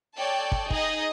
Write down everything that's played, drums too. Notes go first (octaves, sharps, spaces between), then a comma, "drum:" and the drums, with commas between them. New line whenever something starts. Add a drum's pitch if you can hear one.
A4 C#5 D5 G5 A5
drum: kick
D#4 G#4 D#5, drum: kick